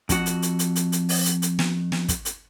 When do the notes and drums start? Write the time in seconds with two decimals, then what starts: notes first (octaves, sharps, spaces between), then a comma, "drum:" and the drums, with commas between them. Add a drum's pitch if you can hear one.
0.09 F2 F#4, drum: kick, hi-hat
0.26 drum: hi-hat
0.42 drum: hi-hat
0.59 drum: hi-hat
0.76 drum: hi-hat
0.92 drum: hi-hat
1.09 drum: open hi-hat
1.25 drum: hi-hat
1.42 drum: hi-hat
1.59 drum: snare
1.92 drum: snare
2.08 drum: kick, hi-hat
2.25 drum: hi-hat